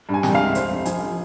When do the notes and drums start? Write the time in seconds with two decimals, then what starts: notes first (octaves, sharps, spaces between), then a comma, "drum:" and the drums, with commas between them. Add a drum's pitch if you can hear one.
0.09 G2
0.14 G#5
0.23 C2 G5, drum: snare
0.35 F5
0.39 G#3
0.44 E5
0.55 F1 C5, drum: hi-hat
0.70 F1
0.85 F3 G#5, drum: hi-hat
1.02 F3